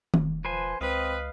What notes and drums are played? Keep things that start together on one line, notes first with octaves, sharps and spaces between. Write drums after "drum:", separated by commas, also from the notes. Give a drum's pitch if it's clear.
E1, drum: tom D#3
F3 B4 C5 G#5
C#2 C4 B4 D#5 F5